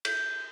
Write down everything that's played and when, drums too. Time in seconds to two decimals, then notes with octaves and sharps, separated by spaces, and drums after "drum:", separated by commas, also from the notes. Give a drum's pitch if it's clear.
0.05 G6, drum: cymbal